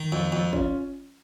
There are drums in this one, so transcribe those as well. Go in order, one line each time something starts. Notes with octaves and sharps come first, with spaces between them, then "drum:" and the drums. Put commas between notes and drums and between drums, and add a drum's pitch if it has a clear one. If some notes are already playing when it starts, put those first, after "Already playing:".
Already playing: D#3
F2
F2
C#4 F4, drum: kick